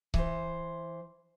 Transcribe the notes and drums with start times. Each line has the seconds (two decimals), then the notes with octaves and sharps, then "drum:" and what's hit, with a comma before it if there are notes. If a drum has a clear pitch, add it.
0.14 E3 C5, drum: kick C#1